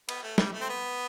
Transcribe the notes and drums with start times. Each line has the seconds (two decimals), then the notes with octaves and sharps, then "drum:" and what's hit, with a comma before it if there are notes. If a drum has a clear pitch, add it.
0.09 B3, drum: cymbal
0.23 A3
0.38 G3, drum: snare
0.53 A3
0.61 C4
0.69 B3